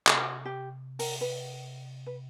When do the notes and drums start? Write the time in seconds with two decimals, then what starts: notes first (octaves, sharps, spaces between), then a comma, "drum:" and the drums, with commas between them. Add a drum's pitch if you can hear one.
0.07 C#3, drum: clap
0.14 C3 F#4
0.45 G4
0.99 A#4, drum: open hi-hat
1.21 B4
2.06 B4